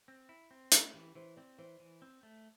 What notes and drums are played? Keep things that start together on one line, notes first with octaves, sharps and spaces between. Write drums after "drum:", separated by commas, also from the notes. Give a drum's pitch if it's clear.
C4
E4
C4
A3 E4, drum: hi-hat
E3 G4
E3 C5
C4 D5
E3 C5
E3
C4
A3